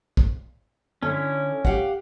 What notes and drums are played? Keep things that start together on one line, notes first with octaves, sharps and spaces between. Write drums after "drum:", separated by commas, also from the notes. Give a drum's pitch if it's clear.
drum: kick
D3 C#4 E4
G4 F5 F#5, drum: kick